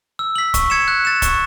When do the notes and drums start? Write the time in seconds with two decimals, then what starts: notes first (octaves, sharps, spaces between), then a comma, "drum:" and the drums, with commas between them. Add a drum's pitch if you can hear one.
0.19 E6
0.36 B6 F#7
0.54 C#6, drum: kick C#1, hi-hat
0.70 G#6 C#7 E7
0.88 F#6
1.05 A6 E7
1.22 C#6, drum: kick C#1, hi-hat